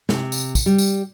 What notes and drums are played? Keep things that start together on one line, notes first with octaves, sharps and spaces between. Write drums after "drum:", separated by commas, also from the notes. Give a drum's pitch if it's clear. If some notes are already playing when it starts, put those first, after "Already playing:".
C3, drum: snare
drum: tambourine
drum: kick, tambourine
G3
drum: tambourine